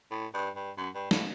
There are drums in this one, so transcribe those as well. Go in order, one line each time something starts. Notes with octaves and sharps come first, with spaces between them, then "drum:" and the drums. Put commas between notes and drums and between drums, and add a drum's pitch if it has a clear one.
A2
G2
G2
F#2
G2
A2, drum: snare